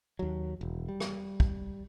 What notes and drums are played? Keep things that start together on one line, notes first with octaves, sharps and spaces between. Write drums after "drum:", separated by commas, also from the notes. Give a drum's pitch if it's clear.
D#2 F#3
E1
G3
drum: rim click
drum: kick